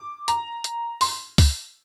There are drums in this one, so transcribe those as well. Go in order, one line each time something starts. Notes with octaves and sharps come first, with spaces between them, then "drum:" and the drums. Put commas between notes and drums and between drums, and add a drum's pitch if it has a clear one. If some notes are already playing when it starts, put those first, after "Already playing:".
Already playing: D6
A#5, drum: hi-hat
drum: hi-hat
C6, drum: open hi-hat
drum: kick C#2, open hi-hat